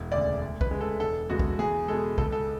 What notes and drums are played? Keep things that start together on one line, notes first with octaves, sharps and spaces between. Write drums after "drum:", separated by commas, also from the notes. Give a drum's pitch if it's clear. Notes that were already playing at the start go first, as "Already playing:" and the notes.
Already playing: E1
D2 C#3 D5
D2
B4, drum: kick
C#3 G#3
A4
E1 A4
E2 C#3 G#3 F#4
drum: kick
E2 G#4
B2 G#3 A4
C#2 A4, drum: kick
A4